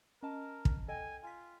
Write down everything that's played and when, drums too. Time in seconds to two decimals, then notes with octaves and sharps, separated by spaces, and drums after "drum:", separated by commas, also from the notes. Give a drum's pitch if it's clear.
0.23 C#4 A#4 D#5 A5
0.65 drum: kick
0.88 A4 D#5 G5 G#5
1.24 F4 G#5 B6